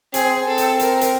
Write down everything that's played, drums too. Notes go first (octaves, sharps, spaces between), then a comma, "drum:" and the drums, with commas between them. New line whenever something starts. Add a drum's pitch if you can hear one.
C4 G#4, drum: hi-hat
A4
drum: hi-hat
A#4, drum: hi-hat
drum: hi-hat